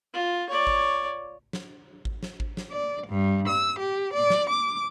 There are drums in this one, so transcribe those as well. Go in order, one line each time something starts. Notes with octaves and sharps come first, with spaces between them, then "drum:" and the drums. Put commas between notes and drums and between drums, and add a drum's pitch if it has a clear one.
F4
C#5 D5
drum: kick G#1
drum: snare
drum: kick G#1
drum: snare
drum: kick G#1
drum: snare
D5
G2
E6
G4
D5
drum: snare
D6